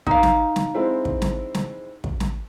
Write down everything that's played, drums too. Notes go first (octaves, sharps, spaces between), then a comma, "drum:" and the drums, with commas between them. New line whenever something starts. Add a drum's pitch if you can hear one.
D#4 F5, drum: kick
drum: snare
drum: snare
G#3 C4 E4
drum: kick
drum: snare
drum: snare
drum: kick
drum: snare